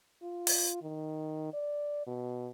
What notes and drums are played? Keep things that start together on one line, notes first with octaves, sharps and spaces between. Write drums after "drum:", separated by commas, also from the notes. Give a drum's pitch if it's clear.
F4
drum: open hi-hat
D#3
D5
B2